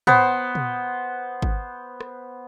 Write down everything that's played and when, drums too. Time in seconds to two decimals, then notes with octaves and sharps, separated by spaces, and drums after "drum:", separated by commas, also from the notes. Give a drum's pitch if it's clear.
0.07 B3 C5, drum: tom
0.55 drum: tom
1.42 drum: kick G#1
2.01 drum: rim click